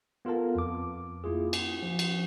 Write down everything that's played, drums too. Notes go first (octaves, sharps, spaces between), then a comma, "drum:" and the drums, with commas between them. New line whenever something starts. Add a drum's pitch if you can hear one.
B3 F4 A4 A#4 A5
F2 D6
A#3 E4 F4 G#4
G#5, drum: cymbal
F3
drum: cymbal